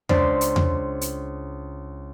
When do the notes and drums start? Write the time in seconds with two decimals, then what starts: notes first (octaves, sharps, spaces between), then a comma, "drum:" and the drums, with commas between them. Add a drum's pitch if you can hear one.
0.09 C#2 D4 C5 D5 C6 B6, drum: tom E2
0.41 drum: hi-hat
0.56 drum: tom E2
1.01 drum: hi-hat